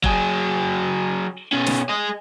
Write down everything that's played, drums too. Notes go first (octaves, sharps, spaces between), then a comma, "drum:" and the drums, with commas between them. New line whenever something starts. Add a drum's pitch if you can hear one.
F#3 G#4, drum: kick F1
B2 C#4
drum: snare
G#4 D#5